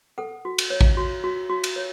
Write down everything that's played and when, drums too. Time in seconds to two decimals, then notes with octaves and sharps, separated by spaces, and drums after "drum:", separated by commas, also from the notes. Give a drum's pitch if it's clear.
0.18 A4 F#5
0.45 F#4
0.58 drum: cymbal
0.70 C#5
0.81 drum: kick A1
0.97 F#4
1.24 F#4
1.50 F#4
1.64 drum: cymbal
1.76 C#5